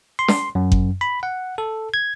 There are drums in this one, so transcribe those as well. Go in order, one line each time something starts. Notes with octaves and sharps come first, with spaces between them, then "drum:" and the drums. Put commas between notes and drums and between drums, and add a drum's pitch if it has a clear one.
C6
drum: snare
F#2
drum: kick G1
B5
F#5
A4
G#6